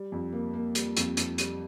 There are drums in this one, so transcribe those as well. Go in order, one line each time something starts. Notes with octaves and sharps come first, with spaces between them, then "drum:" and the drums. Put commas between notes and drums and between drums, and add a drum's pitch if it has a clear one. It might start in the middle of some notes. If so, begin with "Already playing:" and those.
Already playing: G3
F2
A#3
A#3
G3, drum: hi-hat
F2, drum: hi-hat
F2, drum: hi-hat
G3, drum: hi-hat